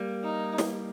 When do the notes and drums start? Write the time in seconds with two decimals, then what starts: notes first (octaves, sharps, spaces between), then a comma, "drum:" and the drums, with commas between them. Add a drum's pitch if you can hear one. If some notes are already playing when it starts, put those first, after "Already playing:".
Already playing: G3 A#3
0.24 D#4
0.58 drum: snare